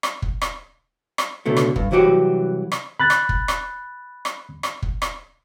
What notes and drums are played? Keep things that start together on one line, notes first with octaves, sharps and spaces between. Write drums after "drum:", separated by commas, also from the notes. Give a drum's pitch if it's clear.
drum: rim click
drum: kick
drum: rim click
drum: rim click
C#2 B2 D3 A3
drum: rim click
G2, drum: kick
C2 E3 F#3 F#4 G4
drum: rim click
B5 F#6 A6
drum: rim click
drum: kick
drum: rim click
drum: rim click
drum: rim click
drum: kick
drum: rim click